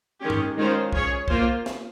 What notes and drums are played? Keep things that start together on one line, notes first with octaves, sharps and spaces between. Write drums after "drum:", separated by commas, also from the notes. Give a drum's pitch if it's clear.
D#3 G#3 C#4 G4
drum: tom G2
D#3 G#3 C#4 F4 C5
C#4 G#4 C#5, drum: kick
A#3 F4 C5, drum: kick
drum: snare